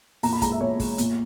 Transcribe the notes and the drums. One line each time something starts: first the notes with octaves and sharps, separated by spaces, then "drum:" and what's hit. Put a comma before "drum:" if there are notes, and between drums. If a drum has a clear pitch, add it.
A#2 A#5, drum: open hi-hat
B5
G#3 A#5, drum: kick, hi-hat
E5
A#2 C#5
G#3, drum: kick, open hi-hat
A#2, drum: hi-hat